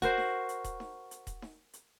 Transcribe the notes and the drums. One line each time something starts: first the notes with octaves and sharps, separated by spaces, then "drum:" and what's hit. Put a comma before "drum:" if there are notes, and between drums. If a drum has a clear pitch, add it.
F#4 A#4 C5, drum: kick D#1, hi-hat
drum: snare D#4
drum: hi-hat
drum: kick D#1, hi-hat
drum: snare D#4
drum: hi-hat
drum: kick D#1, hi-hat
drum: snare D#4
drum: hi-hat